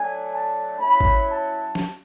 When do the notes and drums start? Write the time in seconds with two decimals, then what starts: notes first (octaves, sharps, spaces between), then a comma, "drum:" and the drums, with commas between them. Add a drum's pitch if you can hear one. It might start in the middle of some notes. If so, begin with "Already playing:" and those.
Already playing: F#3 A3 D4 G#5
0.31 A5
0.79 F#3 C#4 E4 B5
1.01 drum: kick G#1
1.29 A5
1.75 drum: snare